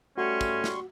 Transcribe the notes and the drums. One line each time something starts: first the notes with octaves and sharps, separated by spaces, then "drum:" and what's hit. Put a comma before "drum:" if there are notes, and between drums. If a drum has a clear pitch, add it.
G3 A3 C#4 F#4 C6 C#6
drum: kick, tambourine
drum: snare